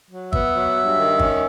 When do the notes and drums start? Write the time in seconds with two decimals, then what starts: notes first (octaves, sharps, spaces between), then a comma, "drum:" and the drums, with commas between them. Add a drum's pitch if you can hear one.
0.11 F#3
0.33 B3 E5, drum: kick
0.55 F#3
0.76 G2
0.98 D#3
1.19 C#4, drum: kick